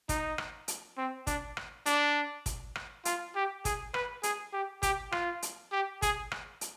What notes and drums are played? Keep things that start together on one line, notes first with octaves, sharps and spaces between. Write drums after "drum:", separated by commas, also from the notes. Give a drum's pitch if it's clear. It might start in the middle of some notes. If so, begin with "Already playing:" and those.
D#4, drum: kick, hi-hat
drum: rim click
drum: hi-hat
C4
D4, drum: kick, hi-hat
drum: rim click
D4, drum: hi-hat
drum: kick, hi-hat
drum: rim click
F4, drum: hi-hat
G4
G#4, drum: kick, hi-hat
B4, drum: rim click
G#4, drum: hi-hat
G4
G4, drum: kick, hi-hat
F4, drum: rim click
drum: hi-hat
G4
G#4, drum: kick, hi-hat
drum: rim click
drum: hi-hat